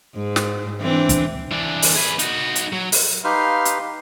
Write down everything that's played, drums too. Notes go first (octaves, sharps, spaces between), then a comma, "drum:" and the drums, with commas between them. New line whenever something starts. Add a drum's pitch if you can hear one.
G#2
drum: snare
E3 C4 D4
drum: kick, hi-hat
E3 D4
drum: open hi-hat
G#4 B4
D#4 F#4, drum: hi-hat
drum: hi-hat
F#3
drum: open hi-hat
D#4 G4 B4 F5 C6 F6
drum: hi-hat